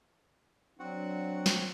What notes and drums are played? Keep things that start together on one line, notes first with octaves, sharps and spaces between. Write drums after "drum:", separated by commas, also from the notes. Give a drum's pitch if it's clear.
F#3 C4 D4 F#4 F#5
drum: snare